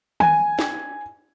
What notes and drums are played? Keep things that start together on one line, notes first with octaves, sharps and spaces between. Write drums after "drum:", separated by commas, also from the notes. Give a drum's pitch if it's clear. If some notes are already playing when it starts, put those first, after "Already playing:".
G#5, drum: tom D#3
drum: snare